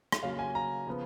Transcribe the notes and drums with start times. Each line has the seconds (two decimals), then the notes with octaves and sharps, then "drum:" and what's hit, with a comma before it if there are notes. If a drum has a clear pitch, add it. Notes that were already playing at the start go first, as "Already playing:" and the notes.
0.12 drum: rim click
0.23 C#3 F#3 A#3 C#4 F5
0.39 G#5
0.55 A#5
0.87 C#3 F3 B3